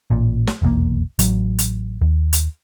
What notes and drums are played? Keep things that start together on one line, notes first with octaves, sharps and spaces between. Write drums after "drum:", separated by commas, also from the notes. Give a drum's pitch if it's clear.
A1 A#2
drum: snare
F1 B1 E2 A#3
A1 F#3, drum: hi-hat
drum: hi-hat
D#2
drum: hi-hat